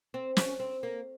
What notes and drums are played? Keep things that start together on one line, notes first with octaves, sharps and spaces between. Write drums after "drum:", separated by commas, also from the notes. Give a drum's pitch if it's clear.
C4
C#4, drum: snare
C4
A#3